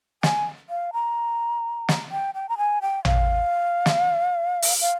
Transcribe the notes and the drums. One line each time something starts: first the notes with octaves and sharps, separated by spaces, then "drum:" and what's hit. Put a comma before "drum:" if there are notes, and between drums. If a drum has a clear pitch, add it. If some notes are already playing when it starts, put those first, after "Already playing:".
G#5, drum: snare
F5
A#5
drum: snare
G5
G5
A#5
G#5
G5
F5, drum: tom A1
drum: snare
drum: open hi-hat
F5